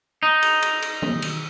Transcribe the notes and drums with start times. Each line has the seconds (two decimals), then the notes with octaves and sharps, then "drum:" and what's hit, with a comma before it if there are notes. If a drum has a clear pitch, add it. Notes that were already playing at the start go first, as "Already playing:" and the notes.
0.23 D#4
0.43 drum: cymbal
0.62 drum: cymbal
0.82 drum: cymbal
1.02 drum: tom D#3
1.22 drum: cymbal